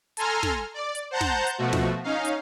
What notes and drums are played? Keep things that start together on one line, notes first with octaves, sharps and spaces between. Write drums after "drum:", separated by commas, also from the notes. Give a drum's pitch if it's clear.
A4 G#5 A#5 C6 F6, drum: hi-hat
drum: snare
D5
drum: hi-hat
C5 F#5 A5 A#5 G6
drum: snare
drum: hi-hat
B2 F3 A3 F#4
drum: snare
C#4 D#4 F5
drum: hi-hat